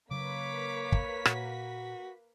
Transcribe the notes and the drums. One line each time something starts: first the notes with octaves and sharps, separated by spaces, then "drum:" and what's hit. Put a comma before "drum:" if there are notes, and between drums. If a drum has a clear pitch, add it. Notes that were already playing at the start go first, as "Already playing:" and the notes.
C#3 F#3 A#3 B4 C#5 D6 B6
drum: kick
A#2 F#4, drum: rim click